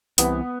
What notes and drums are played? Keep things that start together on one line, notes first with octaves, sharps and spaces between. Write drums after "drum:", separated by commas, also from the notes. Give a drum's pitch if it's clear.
C2 C3 E3 B3, drum: hi-hat